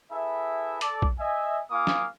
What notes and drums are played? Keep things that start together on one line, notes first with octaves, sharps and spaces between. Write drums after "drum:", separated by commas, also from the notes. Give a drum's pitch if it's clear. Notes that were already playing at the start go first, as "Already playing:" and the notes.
E4 G#4 A4 B4 E5
A4 D5, drum: hi-hat
drum: kick A#1
D#5 E5 G#5
A#3 F4 F5 G#5 D6 D#6
drum: snare